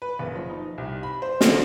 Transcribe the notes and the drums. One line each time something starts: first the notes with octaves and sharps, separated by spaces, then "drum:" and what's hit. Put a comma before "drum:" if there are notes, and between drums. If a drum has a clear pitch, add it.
B4
F#1
F3
D#4
C2
B5
C5
D3, drum: snare